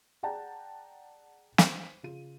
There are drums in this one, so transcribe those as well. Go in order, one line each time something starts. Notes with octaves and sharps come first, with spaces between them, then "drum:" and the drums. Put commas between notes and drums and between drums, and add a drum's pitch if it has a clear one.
G#4 D5 F#5 G5 A5 A#5
C5, drum: snare
C#3 F4 D#7